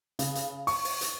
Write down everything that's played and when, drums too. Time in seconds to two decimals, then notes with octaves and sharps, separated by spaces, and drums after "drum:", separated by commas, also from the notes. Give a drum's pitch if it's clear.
0.19 C#3, drum: hi-hat
0.35 drum: hi-hat
0.67 C#6, drum: open hi-hat
0.85 drum: open hi-hat
1.01 drum: hi-hat